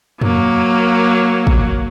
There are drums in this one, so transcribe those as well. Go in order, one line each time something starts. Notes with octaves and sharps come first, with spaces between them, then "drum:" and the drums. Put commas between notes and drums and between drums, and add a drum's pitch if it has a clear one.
F#3 A#3, drum: tom
drum: kick